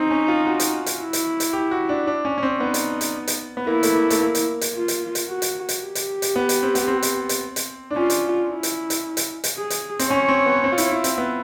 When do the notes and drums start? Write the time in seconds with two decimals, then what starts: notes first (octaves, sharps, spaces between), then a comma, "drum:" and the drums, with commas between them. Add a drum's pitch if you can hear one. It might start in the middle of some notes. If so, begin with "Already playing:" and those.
Already playing: C4 D#4
0.11 C#4
0.28 F4
0.47 F#4
0.60 drum: hi-hat
0.86 drum: hi-hat
1.00 E4
1.13 drum: hi-hat
1.40 drum: hi-hat
1.53 G4
1.71 F#4
1.89 D4
2.07 D4
2.25 C#4
2.38 C#4
2.43 C4
2.60 B3 D#4
2.74 drum: hi-hat
3.01 drum: hi-hat
3.27 drum: hi-hat
3.57 B3
3.67 A#3 E4
3.83 A3, drum: hi-hat
3.94 A#3
4.10 A3, drum: hi-hat
4.21 A#3
4.35 drum: hi-hat
4.61 drum: hi-hat
4.75 F4
4.88 drum: hi-hat
5.15 drum: hi-hat
5.28 F#4
5.42 drum: hi-hat
5.69 drum: hi-hat
5.82 G4
5.95 drum: hi-hat
6.22 drum: hi-hat
6.36 B3
6.49 drum: hi-hat
6.63 C4
6.75 B3, drum: hi-hat
6.88 C4
7.02 drum: hi-hat
7.29 drum: hi-hat
7.56 drum: hi-hat
7.90 D4
7.96 C#4 F4
8.10 drum: hi-hat
8.50 E4
8.63 drum: hi-hat
8.90 drum: hi-hat
9.17 drum: hi-hat
9.44 drum: hi-hat
9.57 G#4
9.70 drum: hi-hat
9.99 C4, drum: hi-hat
10.10 C#4 C#5
10.28 C4
10.46 B3
10.64 C4
10.72 F4
10.78 E4, drum: hi-hat
10.91 E4
11.04 C4, drum: hi-hat
11.18 B3